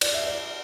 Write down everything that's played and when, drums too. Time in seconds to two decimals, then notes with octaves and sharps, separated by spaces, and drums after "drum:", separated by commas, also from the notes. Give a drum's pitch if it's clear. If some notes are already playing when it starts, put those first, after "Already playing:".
0.01 D5, drum: cymbal
0.14 E5
0.27 D5